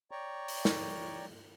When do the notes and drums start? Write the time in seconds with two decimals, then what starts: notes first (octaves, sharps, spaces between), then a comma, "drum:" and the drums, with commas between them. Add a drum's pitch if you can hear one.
0.11 C#5 D5 G5 A#5 C#6
0.48 drum: open hi-hat
0.65 drum: snare